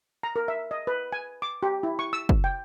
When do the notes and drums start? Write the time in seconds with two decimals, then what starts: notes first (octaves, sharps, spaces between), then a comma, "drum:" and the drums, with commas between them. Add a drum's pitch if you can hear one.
0.23 A#5
0.36 A#4
0.48 E5
0.71 D#5
0.87 B4
1.12 G#5
1.42 D6
1.63 G4
1.83 E4
1.99 C#6
2.13 E6
2.29 drum: kick
2.44 G5